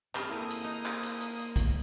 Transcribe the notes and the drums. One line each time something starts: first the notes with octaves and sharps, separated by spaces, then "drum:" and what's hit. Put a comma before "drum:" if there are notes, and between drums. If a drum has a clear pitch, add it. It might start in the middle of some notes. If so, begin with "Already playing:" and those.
G2 C4 G4 G#4 B5 F6, drum: clap
A#3 E4 A4 D#6
drum: hi-hat
D#4
drum: clap
drum: hi-hat
drum: hi-hat
drum: hi-hat
drum: kick, hi-hat